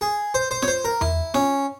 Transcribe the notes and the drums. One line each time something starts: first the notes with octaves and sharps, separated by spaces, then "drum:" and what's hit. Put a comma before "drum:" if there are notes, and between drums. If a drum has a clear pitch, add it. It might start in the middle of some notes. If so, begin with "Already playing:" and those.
G#4
C5
C5
C#5, drum: snare
C5
A#4
E4, drum: tom E2
C#4, drum: snare